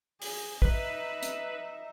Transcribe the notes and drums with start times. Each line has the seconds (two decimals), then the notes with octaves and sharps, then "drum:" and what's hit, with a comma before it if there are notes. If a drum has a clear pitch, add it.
0.22 G#4, drum: open hi-hat
0.62 D#4 B4 E5, drum: kick
1.23 drum: hi-hat